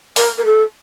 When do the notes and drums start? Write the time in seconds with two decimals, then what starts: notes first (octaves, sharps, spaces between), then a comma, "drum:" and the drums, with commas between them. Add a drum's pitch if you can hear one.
0.16 A#4, drum: open hi-hat
0.37 A#4
0.45 A4